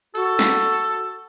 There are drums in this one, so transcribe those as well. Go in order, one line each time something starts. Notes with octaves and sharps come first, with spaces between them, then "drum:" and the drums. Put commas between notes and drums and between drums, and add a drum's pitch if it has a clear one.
F#4 A4, drum: hi-hat
drum: snare